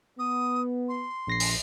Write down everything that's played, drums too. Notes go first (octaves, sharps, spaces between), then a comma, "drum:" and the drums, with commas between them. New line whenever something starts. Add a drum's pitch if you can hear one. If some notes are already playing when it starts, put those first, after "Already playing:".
B3 D#6
C6
A#1 A#6 C7
drum: open hi-hat